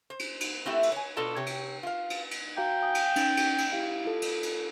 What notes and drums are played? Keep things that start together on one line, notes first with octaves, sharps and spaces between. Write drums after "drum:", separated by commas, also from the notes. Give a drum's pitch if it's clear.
C5
drum: cymbal
drum: cymbal
A3 C4 E4 F#4 G4 E5
drum: cymbal
C#5 G#5
B2 D4 F4 A4 D5 A5
C3 G4 C#5
drum: cymbal
F4 F5
drum: cymbal
drum: cymbal
F#4 F5 G5 A#5
F5 G#5 D#6
drum: cymbal
C#4 D#4 A6, drum: cymbal
drum: cymbal
drum: cymbal
E4 G4 F5
F4 A4
drum: cymbal
drum: cymbal